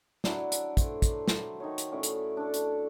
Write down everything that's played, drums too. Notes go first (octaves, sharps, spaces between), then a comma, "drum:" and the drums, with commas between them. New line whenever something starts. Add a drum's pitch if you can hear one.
F#3 D4 E4 D5, drum: snare
drum: hi-hat
A3 C5, drum: kick, hi-hat
drum: kick, hi-hat
drum: snare
D#3 D#4 C#5
drum: hi-hat
A2 A3 C#4 D5
drum: hi-hat
D4 A4
drum: hi-hat